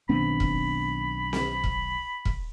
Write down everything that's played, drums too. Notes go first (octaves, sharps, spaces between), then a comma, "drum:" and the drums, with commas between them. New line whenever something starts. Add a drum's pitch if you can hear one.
B1 D#3 B3 C4 D4 B5
drum: kick
drum: snare C4
drum: kick
drum: kick